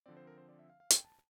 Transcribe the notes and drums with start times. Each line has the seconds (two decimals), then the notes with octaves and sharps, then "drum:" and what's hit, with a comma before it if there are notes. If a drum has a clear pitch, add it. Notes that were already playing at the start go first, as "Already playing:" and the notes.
0.06 D3 F3 C4 D5
0.17 C5
0.27 A#4
0.38 C5
0.49 D5
0.59 E5
0.70 F5
0.80 F5
0.90 G5, drum: hi-hat
1.05 A5